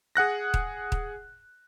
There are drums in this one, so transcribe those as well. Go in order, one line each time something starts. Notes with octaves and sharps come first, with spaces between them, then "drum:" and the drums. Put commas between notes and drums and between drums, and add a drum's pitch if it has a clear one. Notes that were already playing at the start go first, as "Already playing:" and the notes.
G#4 F#5 F#6 A#6
drum: kick D#1
drum: kick D#1